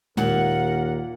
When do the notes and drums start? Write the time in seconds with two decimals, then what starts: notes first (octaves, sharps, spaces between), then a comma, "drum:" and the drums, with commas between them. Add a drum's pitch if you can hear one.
0.17 D#2 A#2 A#4 F#5, drum: tom G#3